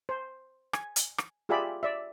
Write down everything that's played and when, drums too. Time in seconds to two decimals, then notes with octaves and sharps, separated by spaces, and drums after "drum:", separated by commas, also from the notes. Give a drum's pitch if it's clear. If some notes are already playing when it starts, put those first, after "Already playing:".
0.09 C5
0.73 G#5, drum: rim click
0.96 drum: hi-hat
1.18 drum: rim click
1.49 F4 G4 G#4 D5 E5 B5
1.83 D5 E5